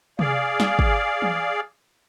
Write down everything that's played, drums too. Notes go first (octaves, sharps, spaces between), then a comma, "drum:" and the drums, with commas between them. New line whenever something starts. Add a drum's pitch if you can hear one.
G#4 D5 F5, drum: tom C3
drum: snare
drum: kick
drum: tom E3